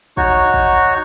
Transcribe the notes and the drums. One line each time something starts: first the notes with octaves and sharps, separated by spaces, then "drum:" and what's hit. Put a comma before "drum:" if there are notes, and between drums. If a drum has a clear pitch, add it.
D#4 F#4 C#5 C#6, drum: kick
drum: kick